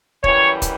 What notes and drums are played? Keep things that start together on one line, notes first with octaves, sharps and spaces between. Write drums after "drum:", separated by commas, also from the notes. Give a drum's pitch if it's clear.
F#2 E3 G3 C#5, drum: kick
drum: kick, hi-hat